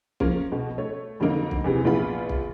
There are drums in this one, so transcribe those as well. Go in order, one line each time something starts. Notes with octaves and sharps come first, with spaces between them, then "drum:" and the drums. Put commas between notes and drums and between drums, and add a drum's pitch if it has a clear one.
F3 A#3 C#4, drum: kick
B2
A3 C#5
F2 D3 F#3 A3 A#3 D#4
drum: kick
E2 C3 E3
A#1 B3 F4 B5
drum: kick